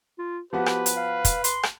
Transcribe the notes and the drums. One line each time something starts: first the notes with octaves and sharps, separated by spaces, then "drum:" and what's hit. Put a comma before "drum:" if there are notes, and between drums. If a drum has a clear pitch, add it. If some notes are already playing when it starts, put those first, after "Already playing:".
F4
F3 B3 F#4 G4 B4
drum: rim click
drum: hi-hat
F5
drum: kick, hi-hat
C6, drum: hi-hat
drum: rim click